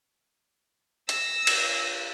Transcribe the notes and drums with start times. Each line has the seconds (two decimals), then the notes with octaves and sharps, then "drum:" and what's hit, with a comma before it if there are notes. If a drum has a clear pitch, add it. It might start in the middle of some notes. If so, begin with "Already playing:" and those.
1.09 E6 A#6, drum: hi-hat
1.47 drum: cymbal